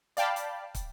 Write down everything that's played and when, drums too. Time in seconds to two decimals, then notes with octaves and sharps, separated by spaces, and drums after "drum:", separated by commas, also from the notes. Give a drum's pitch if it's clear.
0.17 D5 F5 G5 A5 B5, drum: hi-hat
0.36 drum: hi-hat
0.75 drum: kick, hi-hat